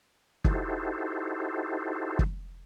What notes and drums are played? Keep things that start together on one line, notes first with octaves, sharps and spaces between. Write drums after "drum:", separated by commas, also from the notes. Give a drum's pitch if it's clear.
D#4 E4 F#4 G4 A4 C5, drum: kick
drum: kick